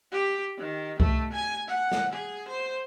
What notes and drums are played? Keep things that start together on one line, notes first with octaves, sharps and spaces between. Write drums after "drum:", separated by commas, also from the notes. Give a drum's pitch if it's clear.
G4
D#3
A3, drum: kick C2
G#5
F#5
drum: snare
G#4
C5